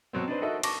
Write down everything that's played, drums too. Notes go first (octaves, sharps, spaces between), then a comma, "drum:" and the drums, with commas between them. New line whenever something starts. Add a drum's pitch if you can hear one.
B2 F#3 C4
D4 D#4 B4 C5
D#4 F#4 A4 A#4 D#5 E5
A5 C#6 D6 A#6, drum: cymbal